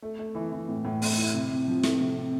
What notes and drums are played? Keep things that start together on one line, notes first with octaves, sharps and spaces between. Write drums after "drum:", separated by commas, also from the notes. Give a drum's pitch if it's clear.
A3
A3
E3
E3
A2
A2
A3, drum: open hi-hat
E4
C3
C3
F3
A3, drum: snare
C3
C3